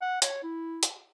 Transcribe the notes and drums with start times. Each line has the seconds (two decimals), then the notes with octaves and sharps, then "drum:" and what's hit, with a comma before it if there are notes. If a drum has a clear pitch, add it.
0.02 F#5
0.22 C#5, drum: hi-hat
0.43 E4
0.83 drum: hi-hat